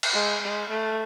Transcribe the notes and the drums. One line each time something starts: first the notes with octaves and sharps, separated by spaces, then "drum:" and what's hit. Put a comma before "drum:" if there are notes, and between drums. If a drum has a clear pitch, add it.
drum: cymbal
G#3
G#3
A3